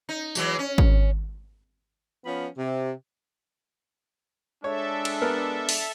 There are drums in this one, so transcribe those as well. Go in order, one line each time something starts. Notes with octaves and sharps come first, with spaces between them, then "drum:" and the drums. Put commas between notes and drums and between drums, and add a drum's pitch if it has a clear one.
D#4
E3 F#3 G#3, drum: tambourine
C#4
drum: kick G#1
F3 B3 C#4 B5
C3
G#3 D4 A4 C#5 E5
drum: cymbal
B3 A#4
drum: open hi-hat